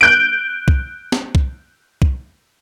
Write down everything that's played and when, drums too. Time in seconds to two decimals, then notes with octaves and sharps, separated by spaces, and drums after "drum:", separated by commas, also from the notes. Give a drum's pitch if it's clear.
0.01 F#6 G6 D7
0.68 drum: kick C2
1.12 drum: snare
1.35 drum: kick C2
2.02 drum: kick C2